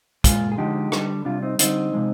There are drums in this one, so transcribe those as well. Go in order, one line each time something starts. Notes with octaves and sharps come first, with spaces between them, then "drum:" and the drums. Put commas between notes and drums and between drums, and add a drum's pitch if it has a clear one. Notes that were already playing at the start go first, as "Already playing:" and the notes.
A#2 G#3 F4 G#4, drum: kick, hi-hat
G#4
D3 F3 G#3 D#4 G4
D3 G3, drum: rim click
C3 G3 D4 F4
C4 D#4
D3 G3 C4 D#4, drum: hi-hat
C3 F3 G#3